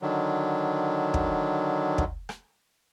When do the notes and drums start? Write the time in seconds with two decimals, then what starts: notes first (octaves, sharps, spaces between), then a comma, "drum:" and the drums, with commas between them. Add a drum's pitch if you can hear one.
0.02 D3 D#3 F#3
1.14 drum: kick
1.98 drum: kick
2.29 drum: rim click